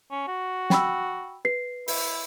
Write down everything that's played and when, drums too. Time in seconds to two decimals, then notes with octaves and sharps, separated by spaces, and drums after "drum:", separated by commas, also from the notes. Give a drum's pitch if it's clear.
0.11 C#4
0.27 F#4
0.70 G5 B5 E6, drum: snare
1.45 B4 C7
1.88 E4, drum: open hi-hat